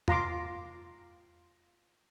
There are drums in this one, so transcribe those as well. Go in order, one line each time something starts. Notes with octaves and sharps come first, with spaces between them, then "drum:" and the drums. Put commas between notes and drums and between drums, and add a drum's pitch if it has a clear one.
F4 A#5 C6 D6, drum: tom E2